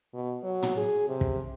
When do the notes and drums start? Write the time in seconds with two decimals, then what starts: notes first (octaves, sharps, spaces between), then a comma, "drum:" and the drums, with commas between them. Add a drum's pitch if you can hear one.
0.14 B2
0.43 F#3
0.63 drum: tom
0.77 G#4
1.08 C3
1.21 drum: kick